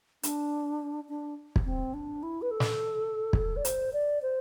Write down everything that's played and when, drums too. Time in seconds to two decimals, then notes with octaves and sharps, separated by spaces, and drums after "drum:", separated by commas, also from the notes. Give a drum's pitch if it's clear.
0.23 D4, drum: hi-hat
1.09 D4
1.56 drum: kick
1.65 C4
1.94 D4
2.23 E4
2.42 B4
2.51 A4
2.60 drum: snare
3.33 drum: kick
3.57 D5
3.65 C5, drum: hi-hat
3.93 D5
4.22 C5